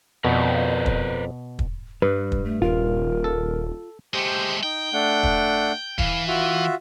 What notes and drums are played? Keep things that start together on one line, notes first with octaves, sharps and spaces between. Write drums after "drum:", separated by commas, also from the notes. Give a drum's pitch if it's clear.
F2 B2 A#4 B4 D5
drum: kick
drum: kick
G2 G3 B4
drum: kick
A3
D#1 F4 A#4
A4
G#3 A3 G4 C5
D#4 G5
A3 D4 F#5
drum: kick
E3 F5, drum: kick
F4 F#4 E5